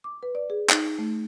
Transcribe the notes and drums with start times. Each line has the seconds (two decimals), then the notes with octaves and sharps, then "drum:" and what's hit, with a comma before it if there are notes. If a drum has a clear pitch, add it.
0.04 D6
0.23 B4
0.35 D5
0.50 G#4
0.70 D#4, drum: clap
0.99 A3